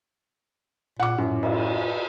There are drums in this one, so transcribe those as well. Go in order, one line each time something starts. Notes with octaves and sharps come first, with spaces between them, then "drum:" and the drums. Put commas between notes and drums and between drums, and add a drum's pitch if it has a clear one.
A#2 F#5 D6
F#2 A2
drum: cymbal